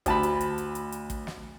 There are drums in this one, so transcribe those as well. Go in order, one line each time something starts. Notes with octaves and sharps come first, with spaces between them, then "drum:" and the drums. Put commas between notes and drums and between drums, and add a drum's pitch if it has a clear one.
D2 A5 B5, drum: kick, hi-hat
drum: hi-hat
drum: hi-hat
drum: hi-hat
drum: hi-hat
drum: hi-hat
drum: kick, hi-hat
drum: snare